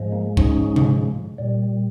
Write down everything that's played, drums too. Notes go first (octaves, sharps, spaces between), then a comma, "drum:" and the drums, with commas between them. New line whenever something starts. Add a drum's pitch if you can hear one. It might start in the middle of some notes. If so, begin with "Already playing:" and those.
Already playing: G#2 F3 G#3
A#3
C#4 D#4, drum: kick
drum: tom C3
A#2 G3